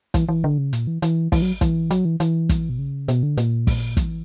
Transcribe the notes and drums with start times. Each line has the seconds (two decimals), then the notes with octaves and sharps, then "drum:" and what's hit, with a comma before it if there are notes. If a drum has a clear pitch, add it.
0.14 E3, drum: kick, hi-hat
0.29 E3
0.44 D3
0.58 C#3
0.73 A#2, drum: hi-hat
0.87 E3
1.02 E3, drum: hi-hat
1.32 E3, drum: kick, open hi-hat
1.42 F#3
1.61 E3, drum: kick, hi-hat
1.91 F#3, drum: hi-hat
2.05 E3
2.20 E3, drum: hi-hat
2.49 drum: kick, hi-hat
2.69 B2
2.79 C#3
3.08 B2, drum: hi-hat
3.23 D3
3.37 A#2, drum: hi-hat
3.67 drum: kick, open hi-hat
3.97 E3, drum: kick, hi-hat